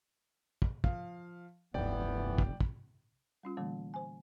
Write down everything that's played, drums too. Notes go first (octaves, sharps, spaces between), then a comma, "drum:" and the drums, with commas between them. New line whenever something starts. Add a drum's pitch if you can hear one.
drum: kick
F3 F5, drum: kick
F1 C#2 G2 E3 B3 D5 G5
drum: kick
drum: kick
G3 C#4 F4
A#2 D3 E3 G3 A3 A#3
C5 G#5